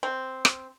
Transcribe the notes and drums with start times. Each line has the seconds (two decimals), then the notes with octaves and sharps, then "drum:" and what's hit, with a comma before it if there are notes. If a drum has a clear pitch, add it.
0.03 C4
0.45 drum: rim click